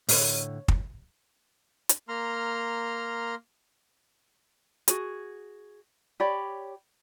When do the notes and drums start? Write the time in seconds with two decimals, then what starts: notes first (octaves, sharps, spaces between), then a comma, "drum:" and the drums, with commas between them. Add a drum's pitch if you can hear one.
0.09 A2 D3 C#5 F5, drum: open hi-hat
0.68 drum: kick
1.89 drum: hi-hat
2.08 A#3 A#5 C6 F6
4.88 F#4 G#4, drum: hi-hat
6.20 G4 C#5 D5 B5